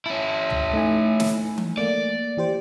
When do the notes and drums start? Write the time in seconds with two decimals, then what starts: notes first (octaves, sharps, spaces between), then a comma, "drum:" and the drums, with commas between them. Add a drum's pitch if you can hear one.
0.06 C#4 E4 A5
0.50 drum: tom
0.73 A3 D#4 G#5
1.20 drum: snare
1.58 drum: tom E3
1.78 A3 A#3 D5
2.37 E3 G4 C5